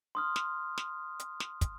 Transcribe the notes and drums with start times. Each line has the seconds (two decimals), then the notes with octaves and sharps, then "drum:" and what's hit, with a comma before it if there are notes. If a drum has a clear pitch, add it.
0.15 C6 D#6 F6
0.36 drum: snare
0.78 drum: snare
1.19 drum: hi-hat
1.40 drum: snare
1.61 drum: kick, hi-hat